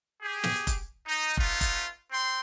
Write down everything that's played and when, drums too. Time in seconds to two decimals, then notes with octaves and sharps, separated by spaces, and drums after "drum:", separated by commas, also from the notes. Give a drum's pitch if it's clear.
0.22 G4 G#4
0.43 drum: snare
0.67 drum: kick F1, hi-hat
1.07 D#4
1.37 A3 B3 D#4 F4, drum: kick F1
1.61 drum: kick F1, hi-hat
2.11 C4 G5 C6